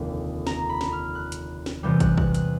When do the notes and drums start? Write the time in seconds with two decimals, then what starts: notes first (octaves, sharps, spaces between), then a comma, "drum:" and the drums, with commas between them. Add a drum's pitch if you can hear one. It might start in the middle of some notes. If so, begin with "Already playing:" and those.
Already playing: F1 D#2 D3
0.47 A#5, drum: snare
0.69 B5
0.81 drum: snare
0.92 F6
1.15 F#6
1.32 drum: hi-hat
1.66 drum: snare
1.83 E2 C3 E3 G3 G6
2.00 F#6, drum: kick, hi-hat
2.18 F#6, drum: kick
2.34 F#6, drum: hi-hat